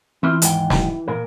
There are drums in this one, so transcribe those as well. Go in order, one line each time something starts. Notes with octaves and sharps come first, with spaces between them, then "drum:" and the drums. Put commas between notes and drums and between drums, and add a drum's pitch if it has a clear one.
E3 C4 F4
D#2 G#2 G5, drum: hi-hat
drum: snare
A#2 A#4